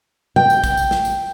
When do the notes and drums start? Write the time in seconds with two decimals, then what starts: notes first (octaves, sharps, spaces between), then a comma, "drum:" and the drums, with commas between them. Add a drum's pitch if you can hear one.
0.36 G5, drum: tom C3
0.50 drum: tambourine
0.64 drum: kick, tambourine
0.77 drum: tambourine
0.91 drum: snare
1.05 drum: tambourine